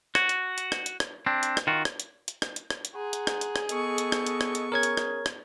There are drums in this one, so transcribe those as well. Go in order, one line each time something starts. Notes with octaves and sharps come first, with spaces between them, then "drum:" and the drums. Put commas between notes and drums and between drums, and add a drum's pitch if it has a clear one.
F#4, drum: rim click
drum: hi-hat
drum: hi-hat
drum: rim click
drum: hi-hat
drum: rim click
C4 D4
drum: hi-hat
drum: rim click
D#3 F4 F#4
drum: rim click
drum: hi-hat
drum: hi-hat
drum: rim click
drum: hi-hat
drum: rim click
drum: hi-hat
G#4 F#5 A#5 C6
drum: hi-hat
drum: rim click
drum: hi-hat
drum: rim click
B3 A4 D#5 C#6, drum: hi-hat
drum: hi-hat
drum: rim click
drum: hi-hat
drum: rim click
drum: hi-hat
C#4 G#4 A#4 C#5 G#6
drum: hi-hat
drum: rim click
drum: rim click